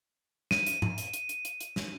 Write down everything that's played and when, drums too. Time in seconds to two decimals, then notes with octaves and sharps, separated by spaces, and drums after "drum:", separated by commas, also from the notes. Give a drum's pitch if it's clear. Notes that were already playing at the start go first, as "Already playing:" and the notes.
0.51 D#7, drum: snare
0.66 drum: hi-hat
0.82 drum: tom G#2
0.98 drum: hi-hat
1.13 drum: hi-hat
1.29 drum: hi-hat
1.45 drum: hi-hat
1.61 drum: hi-hat
1.76 drum: snare